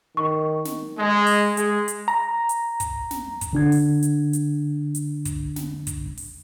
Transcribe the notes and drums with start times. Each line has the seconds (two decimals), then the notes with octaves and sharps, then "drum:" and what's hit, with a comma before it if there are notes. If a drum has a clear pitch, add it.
0.17 D#3 C#6
0.65 drum: snare
0.99 G#3
1.27 drum: open hi-hat
1.57 G#3, drum: hi-hat
1.88 drum: hi-hat
2.08 A#5
2.49 drum: hi-hat
2.80 drum: kick, hi-hat
3.11 drum: snare
3.41 drum: kick, hi-hat
3.53 D3 D4 G#6
3.72 drum: open hi-hat
4.03 drum: hi-hat
4.33 drum: hi-hat
4.95 drum: hi-hat
5.25 drum: kick, hi-hat
5.56 drum: snare
5.87 drum: kick, hi-hat
6.17 drum: open hi-hat